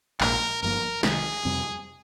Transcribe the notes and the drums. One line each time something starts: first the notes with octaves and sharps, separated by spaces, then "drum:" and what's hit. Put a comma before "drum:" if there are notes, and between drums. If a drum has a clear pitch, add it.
A#1 G#2 D#3 A#3 A#4, drum: clap
G1 G2 F3 A#3 A#4
C2 C3 D#3 G#3 G#4, drum: snare
F2 C3 G3 C4